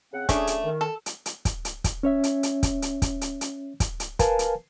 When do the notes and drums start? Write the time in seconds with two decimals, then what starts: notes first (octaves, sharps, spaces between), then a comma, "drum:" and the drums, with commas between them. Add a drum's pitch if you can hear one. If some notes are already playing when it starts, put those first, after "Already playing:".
0.12 C#3 C4 F#5
0.29 A3 C#4 D4 G#4, drum: kick, hi-hat
0.47 drum: hi-hat
0.64 D#3
0.81 A4
1.06 drum: hi-hat
1.26 drum: hi-hat
1.45 drum: kick, hi-hat
1.65 drum: hi-hat
1.84 drum: kick, hi-hat
2.03 C#4 C#5 E5
2.24 drum: hi-hat
2.43 drum: hi-hat
2.63 drum: kick, hi-hat
2.82 drum: hi-hat
3.02 drum: kick, hi-hat
3.21 drum: hi-hat
3.41 drum: hi-hat
3.80 drum: kick, hi-hat
4.00 drum: hi-hat
4.19 A#4 B4 F5 G#5 A5, drum: kick, hi-hat
4.39 drum: hi-hat